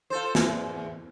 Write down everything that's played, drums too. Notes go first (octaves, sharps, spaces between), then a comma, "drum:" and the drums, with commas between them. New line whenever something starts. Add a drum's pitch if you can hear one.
F4 A4 C5
E2, drum: snare